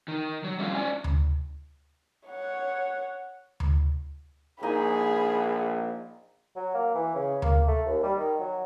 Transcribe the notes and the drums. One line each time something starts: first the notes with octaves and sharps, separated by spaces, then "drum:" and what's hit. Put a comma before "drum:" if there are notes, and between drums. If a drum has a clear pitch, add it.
D#3
F#3
G3 A3 C#4 F4 F5
C#4 D5 G#5
drum: tom D2
C#5 F#5
drum: tom D2
A#1 A#3 D#4 G#4 G#5 B5
F#3
A#3
E3
C#3
A#3, drum: tom D2
A3
D#2
G3
D#3
F#3